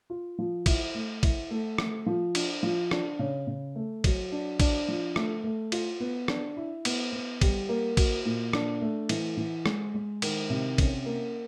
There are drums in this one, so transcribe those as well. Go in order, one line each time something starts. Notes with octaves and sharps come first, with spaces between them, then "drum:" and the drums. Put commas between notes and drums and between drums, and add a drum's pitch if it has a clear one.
F4
F3
E4, drum: kick, cymbal
A3
E4, drum: kick, cymbal
A3
A3, drum: rim click
F3
D4, drum: cymbal
F3
D4, drum: rim click
C#3
C#3
A3
F#3, drum: kick, cymbal
D4
D4, drum: kick, cymbal
F3
A3, drum: rim click
A3
F4, drum: cymbal
B3
D4, drum: rim click
E4
B3, drum: cymbal
B3
G3, drum: kick, cymbal
A#3
F#4, drum: kick, cymbal
A#2
D4, drum: rim click
A3
E3, drum: cymbal
E3
G#3, drum: rim click
G#3
D#3, drum: cymbal
C3
C#4, drum: kick, cymbal
A#3